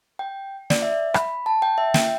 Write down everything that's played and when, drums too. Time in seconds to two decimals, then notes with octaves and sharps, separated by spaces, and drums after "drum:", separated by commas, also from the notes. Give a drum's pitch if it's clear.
0.19 G5
0.70 D5, drum: snare
0.82 E5
1.14 B5, drum: rim click
1.46 A5
1.62 G5
1.78 E5
1.94 G5, drum: snare